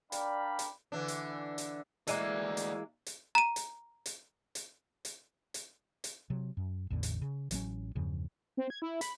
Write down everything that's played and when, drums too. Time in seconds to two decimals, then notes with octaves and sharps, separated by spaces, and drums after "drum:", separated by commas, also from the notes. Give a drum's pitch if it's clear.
0.12 D4 A#4 D5 F5 G5 B5, drum: hi-hat
0.59 drum: hi-hat
0.92 D3 E3 D4
1.08 drum: hi-hat
1.58 drum: hi-hat
2.07 E3 G#3 A#3 F#4 D5, drum: hi-hat
2.57 drum: hi-hat
3.06 drum: hi-hat
3.35 A#5 D#7
3.56 drum: hi-hat
4.06 drum: hi-hat
4.55 drum: hi-hat
5.05 drum: hi-hat
5.54 drum: hi-hat
6.04 drum: hi-hat
6.30 C3 F#3
6.57 F#2
6.90 A1 E2 A2 D3
7.03 drum: hi-hat
7.22 C#3
7.51 A1 F#3 A3 C#4, drum: hi-hat
7.95 E2 G2 C#3 F3
8.57 C4
8.70 G#6
8.82 E4
9.01 B5, drum: hi-hat